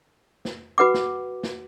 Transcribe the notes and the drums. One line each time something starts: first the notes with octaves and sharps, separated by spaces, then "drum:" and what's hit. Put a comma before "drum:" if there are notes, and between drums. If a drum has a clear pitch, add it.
drum: snare
F#4 B4 F#5 D6
drum: snare
drum: snare